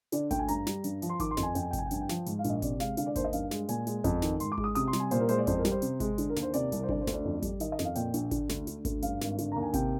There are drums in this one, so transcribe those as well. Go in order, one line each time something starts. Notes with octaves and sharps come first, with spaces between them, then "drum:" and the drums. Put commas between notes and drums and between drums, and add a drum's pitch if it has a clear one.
D3 D5, drum: hi-hat
D2 G5, drum: kick G#1, hi-hat
G#5
G2 A#5, drum: hi-hat
G3, drum: snare
G2, drum: hi-hat
F3, drum: hi-hat
C6
D#3 D6, drum: kick G#1, hi-hat
C6
F2, drum: snare
G#5
F2 G5, drum: hi-hat
G#5
G5
F1, drum: kick G#1, hi-hat
G#5
G5
G2 G#5, drum: hi-hat
G5
F3, drum: snare
G#2, drum: hi-hat
F5
A#1, drum: hi-hat
D#5
C3 D5, drum: kick G#1, hi-hat
G#3 F5, drum: snare
D3 F5, drum: hi-hat
D5
D#2 C5, drum: kick G#1, hi-hat
D#5
G2 F5, drum: hi-hat
G#3, drum: snare
A#2 G#5, drum: hi-hat
G#3, drum: hi-hat
F2, drum: kick G#1, hi-hat
D#3, drum: snare
G#2 C6, drum: hi-hat
D6
G#3, drum: kick G#1
D#6
C3 D#6, drum: hi-hat
C6
G3, drum: snare
G#5
A#2 C5, drum: hi-hat
A#4
G#3 C5, drum: hi-hat
D5
F2 C5, drum: kick G#1, hi-hat
A#4
G3, drum: snare
C5
C3, drum: hi-hat
G#3, drum: kick G#1, hi-hat
D3, drum: hi-hat
A#4
D#2, drum: snare
C5
C3 D5, drum: hi-hat
C2, drum: hi-hat
C5
D3 D5, drum: kick G#1
C5
D2, drum: snare
D5
F2
G3, drum: kick G#1, hi-hat
D#3 D#5, drum: hi-hat
D#5
F2, drum: snare
F5
A#2 G5, drum: hi-hat
A#1, drum: hi-hat
D3, drum: kick G#1, hi-hat
D2, drum: snare
D3, drum: hi-hat
D2, drum: kick G#1, hi-hat
G2 F5, drum: hi-hat
G#1, drum: snare
D3, drum: hi-hat
D#2 A#5
G#5
C3 G5, drum: kick G#1, hi-hat